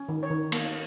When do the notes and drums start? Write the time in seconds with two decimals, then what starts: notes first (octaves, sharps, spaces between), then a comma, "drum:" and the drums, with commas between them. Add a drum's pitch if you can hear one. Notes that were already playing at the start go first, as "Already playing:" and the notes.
Already playing: C#4
0.09 D#3
0.23 C#5
0.30 D#3
0.52 A#3, drum: cymbal